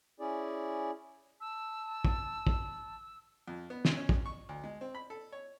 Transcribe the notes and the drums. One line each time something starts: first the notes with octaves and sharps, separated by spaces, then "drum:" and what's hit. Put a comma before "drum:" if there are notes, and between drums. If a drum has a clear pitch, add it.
C#4 E4 G#4 D5
A5 E6
drum: kick
drum: kick
F2
B3
C#4, drum: snare
C#4
drum: kick
C#6
D2
G#3
C4
B5
A4
C#5